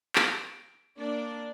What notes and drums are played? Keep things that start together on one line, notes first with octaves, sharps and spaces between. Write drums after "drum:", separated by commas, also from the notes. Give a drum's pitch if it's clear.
D7, drum: clap
A#3 D4 D5